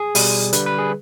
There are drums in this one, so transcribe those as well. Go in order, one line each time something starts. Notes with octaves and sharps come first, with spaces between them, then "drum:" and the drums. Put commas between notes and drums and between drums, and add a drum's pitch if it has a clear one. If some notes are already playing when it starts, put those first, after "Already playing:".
Already playing: G#4
B2 G3, drum: open hi-hat
D3 G3 B4, drum: hi-hat
B4
G#4